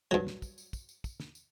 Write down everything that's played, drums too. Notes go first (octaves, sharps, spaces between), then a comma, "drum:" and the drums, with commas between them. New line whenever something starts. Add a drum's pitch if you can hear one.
G2 F#3
drum: snare
drum: kick, tambourine
drum: tambourine
drum: kick, tambourine
drum: tambourine
drum: kick, tambourine
drum: snare
drum: tambourine